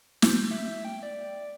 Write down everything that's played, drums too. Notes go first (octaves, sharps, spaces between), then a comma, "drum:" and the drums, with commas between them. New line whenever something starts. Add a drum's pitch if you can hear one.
G6, drum: snare
E5
E5
G5
D5
D5